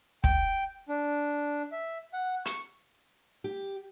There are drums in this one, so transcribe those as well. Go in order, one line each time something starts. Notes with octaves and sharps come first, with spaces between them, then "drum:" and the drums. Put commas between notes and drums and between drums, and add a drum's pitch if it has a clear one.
G5, drum: kick
D4
E5
F#5
C#6, drum: hi-hat
G4